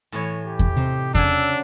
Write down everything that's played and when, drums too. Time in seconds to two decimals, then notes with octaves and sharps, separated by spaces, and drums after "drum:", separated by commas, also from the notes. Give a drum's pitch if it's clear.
0.12 A2 E3 C#5
0.46 G4
0.59 drum: kick E2
0.76 C3 D#4 C5
1.15 C#3 F#3 D4 G#5 E6, drum: kick E2